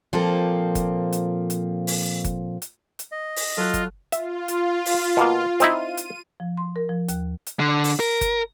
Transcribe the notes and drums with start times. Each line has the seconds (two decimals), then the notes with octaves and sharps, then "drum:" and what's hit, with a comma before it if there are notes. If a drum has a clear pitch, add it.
0.13 A#2 F3 A#3 C4 A4
0.75 drum: kick G1, hi-hat
1.13 drum: hi-hat
1.50 drum: hi-hat
1.87 drum: open hi-hat
2.24 drum: kick G1, hi-hat
2.62 drum: hi-hat
2.99 drum: hi-hat
3.12 D#5
3.36 drum: open hi-hat
3.57 F#3 F4 A4 F#6
3.74 drum: kick G1, hi-hat
4.12 F4 E5, drum: hi-hat
4.48 drum: hi-hat
4.86 drum: open hi-hat
5.17 B2 A#3
5.60 C4 D#4 E4 D#7, drum: hi-hat
5.97 drum: hi-hat
6.40 F3
6.57 C6
6.76 A#4
6.89 F3
7.08 D#2, drum: hi-hat
7.47 drum: hi-hat
7.60 D3
7.84 drum: open hi-hat
8.00 A#4
8.21 drum: kick G1, hi-hat